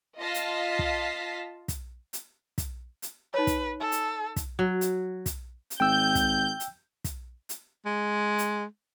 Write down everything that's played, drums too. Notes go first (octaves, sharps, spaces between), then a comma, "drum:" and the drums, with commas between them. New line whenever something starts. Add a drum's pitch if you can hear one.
F4 D#5 F5 A5 A#6 B6
drum: hi-hat
drum: kick
drum: kick, hi-hat
drum: hi-hat
drum: kick, hi-hat
drum: hi-hat
D#4 B4 C#5
drum: kick, hi-hat
A4 G#5
drum: hi-hat
drum: kick, hi-hat
F#3
drum: hi-hat
drum: kick, hi-hat
drum: hi-hat
G#1 G5 E6 G6
drum: kick, hi-hat
drum: hi-hat
drum: kick, hi-hat
drum: hi-hat
G#3
drum: hi-hat